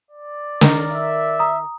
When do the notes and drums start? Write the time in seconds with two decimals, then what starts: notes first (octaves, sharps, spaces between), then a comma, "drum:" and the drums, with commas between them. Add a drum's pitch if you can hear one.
0.11 D5
0.61 D#3 A#4, drum: snare
0.91 E5
1.39 A#5 D#6